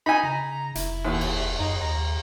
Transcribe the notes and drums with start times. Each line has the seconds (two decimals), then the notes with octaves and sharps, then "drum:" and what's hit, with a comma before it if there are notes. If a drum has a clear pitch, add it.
0.06 D#4 G#5 B5
0.23 C#3 A#5
0.75 F1 E4, drum: hi-hat
1.05 D#2, drum: cymbal
1.21 drum: cymbal
1.59 F#2 D#4
1.82 D#2 A#5